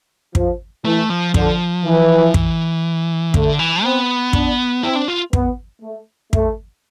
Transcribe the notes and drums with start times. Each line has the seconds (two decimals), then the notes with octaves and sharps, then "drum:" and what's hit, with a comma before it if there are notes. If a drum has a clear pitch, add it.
0.35 F3, drum: kick
0.85 E3 A3
1.10 F3
1.34 D3 F3, drum: kick
1.85 E3
2.34 E3, drum: kick
3.34 D3 A3, drum: kick
3.59 E3
3.83 B3 C4
4.33 D4, drum: kick
4.83 C4 E4
4.96 D4
5.08 F4
5.33 B3, drum: kick
5.82 A3
6.33 A3, drum: kick